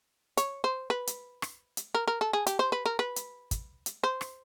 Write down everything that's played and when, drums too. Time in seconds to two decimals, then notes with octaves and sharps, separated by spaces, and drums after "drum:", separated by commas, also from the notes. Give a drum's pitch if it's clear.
0.37 C#5, drum: hi-hat
0.64 C5
0.90 B4
1.07 drum: hi-hat
1.42 drum: rim click
1.77 drum: hi-hat
1.95 A#4
2.08 A#4
2.21 A4
2.33 G#4
2.47 G4, drum: hi-hat
2.59 C5
2.72 B4
2.86 A#4
2.99 B4
3.16 drum: hi-hat
3.51 drum: kick, hi-hat
3.86 drum: hi-hat
4.04 C5
4.21 drum: rim click